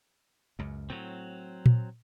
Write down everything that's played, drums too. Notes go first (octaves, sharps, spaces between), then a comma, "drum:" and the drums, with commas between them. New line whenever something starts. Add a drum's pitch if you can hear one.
C#2 F#2
A2 F#3 C4
drum: tom A#2